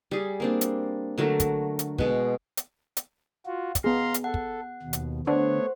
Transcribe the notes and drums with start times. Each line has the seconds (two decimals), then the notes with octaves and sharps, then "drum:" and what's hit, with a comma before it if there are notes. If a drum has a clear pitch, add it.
0.11 G3 G#4
0.40 A#3 C4 D4
0.61 drum: hi-hat
1.18 D3 F#3 A3 A#4
1.40 drum: kick, hi-hat
1.79 drum: hi-hat
1.98 B2 G#3, drum: kick
2.57 drum: hi-hat
2.97 drum: hi-hat
3.46 F4 F#4
3.75 drum: kick, hi-hat
3.84 B3 G#4 F5 A#5 C6
4.14 drum: hi-hat
4.24 A4 F#5
4.34 drum: kick
4.83 D#2 B2
4.93 drum: hi-hat
5.27 D3 A3 B3 C5 C#5 F#5